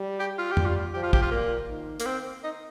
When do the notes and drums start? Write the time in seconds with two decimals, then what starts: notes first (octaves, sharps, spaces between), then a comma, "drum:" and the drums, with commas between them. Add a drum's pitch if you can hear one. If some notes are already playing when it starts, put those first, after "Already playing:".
Already playing: G3
0.20 G4
0.38 F4
0.52 G4
0.57 G3, drum: tom
0.66 F4
0.94 F3 G4
1.03 F4
1.13 G4, drum: kick
1.22 F4
1.31 A#2 A#3
1.69 D#3
2.00 A#3, drum: hi-hat
2.06 C4
2.44 D#4